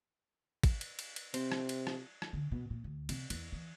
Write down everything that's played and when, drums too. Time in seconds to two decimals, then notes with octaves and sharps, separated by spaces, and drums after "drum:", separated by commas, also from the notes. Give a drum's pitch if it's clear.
0.63 drum: kick, cymbal
0.81 drum: cymbal
0.99 drum: cymbal
1.16 drum: cymbal
1.34 C3 C4, drum: cymbal
1.52 drum: rim click
1.69 drum: cymbal
1.87 drum: rim click
2.22 drum: rim click
2.33 D3
2.52 B2
2.70 A#2
2.84 D2
3.09 C3, drum: cymbal
3.30 E2, drum: cymbal
3.52 E3